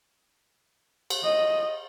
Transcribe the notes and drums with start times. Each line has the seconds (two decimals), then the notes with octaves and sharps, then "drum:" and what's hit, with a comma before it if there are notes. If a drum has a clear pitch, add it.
1.10 drum: cymbal
1.24 D#5